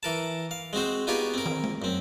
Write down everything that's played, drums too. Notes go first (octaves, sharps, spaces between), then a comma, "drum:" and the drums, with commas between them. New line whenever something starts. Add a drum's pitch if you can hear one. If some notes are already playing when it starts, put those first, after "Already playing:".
E3 A#4 A5
F5
G#3 C4 F#4 C5
B3 D#4 F4 G4 G#4 C#5
C4 A#4
drum: tom
drum: tom G#3
F#2 C4